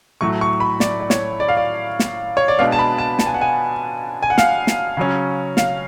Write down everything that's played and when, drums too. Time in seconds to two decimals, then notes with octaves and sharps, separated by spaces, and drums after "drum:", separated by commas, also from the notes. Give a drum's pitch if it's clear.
0.21 A2 F#3 A3 C#6
0.41 C#6
0.60 B5
0.80 D5, drum: snare
1.00 D5
1.10 C#5, drum: snare
1.40 D5
1.49 F5
1.57 D5
1.99 drum: snare
2.37 C#5
2.48 D5
2.59 B2 G#3 B3 D4 F5
2.72 A5
2.79 B5
2.98 A5
3.19 A5, drum: snare
3.26 G#5
3.34 F#5
3.41 G#5
4.23 G#5
4.30 F#5
4.38 F5, drum: snare
4.67 drum: snare
4.97 C#3 F#3 C#4
5.57 F5, drum: snare